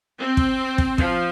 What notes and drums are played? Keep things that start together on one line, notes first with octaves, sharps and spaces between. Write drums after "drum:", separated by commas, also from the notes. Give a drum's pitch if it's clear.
C4
drum: kick
drum: kick
F3, drum: kick